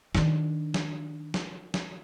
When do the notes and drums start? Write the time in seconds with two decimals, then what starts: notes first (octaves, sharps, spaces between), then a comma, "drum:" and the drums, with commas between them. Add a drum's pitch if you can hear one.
0.15 D#3 D4, drum: snare
0.74 drum: snare
1.34 drum: snare
1.74 drum: snare